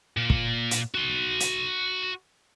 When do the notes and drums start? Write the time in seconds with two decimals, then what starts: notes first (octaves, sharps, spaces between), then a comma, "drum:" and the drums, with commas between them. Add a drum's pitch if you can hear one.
0.17 A#2
0.30 drum: kick
0.71 drum: hi-hat
0.95 F#4 C6
1.40 drum: hi-hat